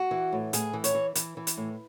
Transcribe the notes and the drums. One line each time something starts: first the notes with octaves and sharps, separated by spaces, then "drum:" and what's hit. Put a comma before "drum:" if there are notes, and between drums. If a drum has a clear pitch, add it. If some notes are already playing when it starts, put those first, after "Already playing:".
Already playing: F#4
E3
A2
A2 G#4, drum: hi-hat
E3
C#5, drum: hi-hat
E3
E3, drum: hi-hat
E3
drum: hi-hat
A2